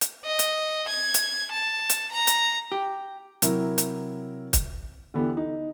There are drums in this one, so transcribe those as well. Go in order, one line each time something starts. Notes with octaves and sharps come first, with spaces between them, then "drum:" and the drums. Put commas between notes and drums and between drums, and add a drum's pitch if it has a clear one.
drum: hi-hat
D#5
drum: hi-hat
G#6
drum: hi-hat
A5
drum: hi-hat
A#5
drum: hi-hat
G4
C3 F#3 E4 A#4, drum: hi-hat
drum: hi-hat
drum: kick, hi-hat
D3 E3 B3 G4
D#4